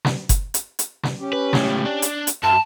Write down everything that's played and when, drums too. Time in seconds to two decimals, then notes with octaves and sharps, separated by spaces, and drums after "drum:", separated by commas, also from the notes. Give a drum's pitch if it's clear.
0.05 drum: snare
0.29 drum: kick F#1, hi-hat
0.54 drum: hi-hat
0.79 drum: hi-hat
1.03 drum: snare
1.19 C#4 G4
1.33 B4
1.53 C#2 A2, drum: snare
1.85 D4
2.02 drum: hi-hat
2.27 drum: hi-hat
2.43 F#2 F5 A5